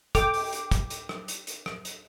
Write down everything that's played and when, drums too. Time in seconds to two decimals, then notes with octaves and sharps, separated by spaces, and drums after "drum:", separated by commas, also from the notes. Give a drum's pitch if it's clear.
0.15 A4 G5 D6, drum: kick, hi-hat
0.34 drum: open hi-hat
0.53 drum: hi-hat
0.71 drum: kick, hi-hat
0.90 drum: hi-hat
1.09 drum: rim click
1.28 drum: hi-hat
1.47 drum: hi-hat
1.66 drum: rim click
1.85 drum: hi-hat